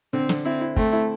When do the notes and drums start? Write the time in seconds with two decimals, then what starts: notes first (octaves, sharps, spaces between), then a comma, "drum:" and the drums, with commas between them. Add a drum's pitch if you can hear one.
0.13 D3 C4
0.29 D3, drum: snare
0.45 C4 E4
0.61 E4
0.76 A3 C4, drum: kick
0.93 E4